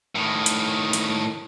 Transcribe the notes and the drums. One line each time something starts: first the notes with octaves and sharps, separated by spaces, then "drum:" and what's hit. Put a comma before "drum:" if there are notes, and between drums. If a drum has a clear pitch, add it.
A2 D#3
drum: hi-hat
drum: hi-hat